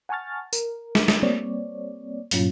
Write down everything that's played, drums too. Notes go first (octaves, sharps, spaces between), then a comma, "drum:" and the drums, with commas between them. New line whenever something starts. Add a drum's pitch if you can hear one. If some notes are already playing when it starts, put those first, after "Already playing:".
F#5 G#5 A5 C#6 F6 A6
A#4, drum: tambourine
drum: snare
drum: snare
G3 A#3 C4 C#5 D5
G2 A#2 F#3 C#4 F4, drum: open hi-hat